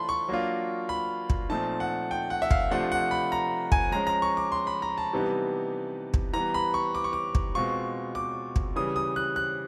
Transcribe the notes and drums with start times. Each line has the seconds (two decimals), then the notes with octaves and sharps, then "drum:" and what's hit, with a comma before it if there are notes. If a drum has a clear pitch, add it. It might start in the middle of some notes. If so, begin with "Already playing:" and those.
Already playing: E3 A3 D4 F4 A5 B5 C6
0.09 C#6
0.28 F#3 A#3 D4 F4
0.89 B5
1.30 drum: kick
1.49 A#2 F3 A3 C4 D#4 A5
1.80 F#5
2.11 G5
2.30 F#5
2.42 E5
2.51 F5, drum: kick
2.70 C3 F3 A3 D4 F4 F#5
2.92 F#5
3.11 B5
3.32 A#5
3.72 G#5, drum: kick
3.92 F3 G#3 C#4 A#5
4.07 A#5
4.22 C#6
4.37 D6
4.52 C6
4.67 B5
4.82 A#5
4.98 A5
5.13 C3 E3 G3 B3 D#4
6.14 drum: kick
6.34 E3 G3 B3 A#5
6.54 B5
6.74 C#6
6.95 D6
7.04 C#6
7.13 D6
7.35 drum: kick
7.55 B2 G#3 C4 F4 C#6
8.15 D6
8.56 drum: kick
8.76 C#3 E3 G3 D#6
8.96 D#6
9.16 F#6
9.36 F#6